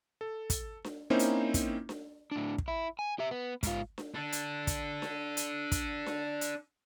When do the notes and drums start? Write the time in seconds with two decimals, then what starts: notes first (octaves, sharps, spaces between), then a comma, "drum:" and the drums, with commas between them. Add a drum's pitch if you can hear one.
0.21 A4
0.50 drum: kick, hi-hat
0.84 drum: snare D4
1.10 A#3 C4 C#4 D#4 E4 C5
1.19 drum: hi-hat
1.54 drum: kick, hi-hat
1.89 drum: snare D4
2.32 A2 D4
2.58 drum: kick
2.68 E4
2.99 G#5
3.19 G4 E5
3.31 B3
3.63 G#2 F4, drum: kick, hi-hat
3.98 drum: snare D4
4.15 D4 A4
4.32 drum: hi-hat
4.67 drum: kick, hi-hat
5.02 drum: snare D4
5.37 drum: hi-hat
5.72 drum: kick, hi-hat
6.06 drum: snare D4
6.41 drum: hi-hat